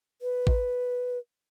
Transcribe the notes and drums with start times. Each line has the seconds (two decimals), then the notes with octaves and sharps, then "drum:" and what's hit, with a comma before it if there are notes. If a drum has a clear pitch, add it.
0.22 B4
0.47 drum: kick A1